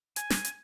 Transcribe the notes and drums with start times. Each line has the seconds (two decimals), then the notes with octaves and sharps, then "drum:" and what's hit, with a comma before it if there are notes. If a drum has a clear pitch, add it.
0.16 G#5, drum: hi-hat
0.30 drum: snare
0.45 drum: hi-hat